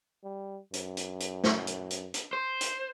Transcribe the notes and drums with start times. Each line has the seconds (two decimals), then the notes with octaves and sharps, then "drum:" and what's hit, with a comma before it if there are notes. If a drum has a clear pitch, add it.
0.24 G3
0.73 F#2, drum: hi-hat
0.97 drum: hi-hat
1.20 drum: hi-hat
1.44 drum: snare
1.67 drum: hi-hat
1.90 drum: hi-hat
2.14 drum: hi-hat
2.33 C5
2.61 drum: hi-hat